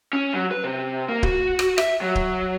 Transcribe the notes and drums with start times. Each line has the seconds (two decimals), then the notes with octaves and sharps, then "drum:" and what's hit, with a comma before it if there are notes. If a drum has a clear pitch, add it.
0.13 C#4
0.34 F#3
0.51 B4
0.64 C3
1.08 A#3
1.23 F#4, drum: kick D1
1.59 drum: rim click
1.78 E5, drum: rim click
2.01 F#3
2.15 drum: kick D1